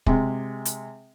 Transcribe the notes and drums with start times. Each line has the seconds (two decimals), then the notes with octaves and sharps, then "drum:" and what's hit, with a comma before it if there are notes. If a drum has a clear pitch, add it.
0.06 C3 G#3, drum: kick
0.65 drum: hi-hat